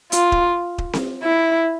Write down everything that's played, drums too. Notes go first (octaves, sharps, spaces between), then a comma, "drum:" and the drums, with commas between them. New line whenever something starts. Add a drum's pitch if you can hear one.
F4, drum: hi-hat
drum: kick D#1
drum: kick D#1
drum: snare C4
E4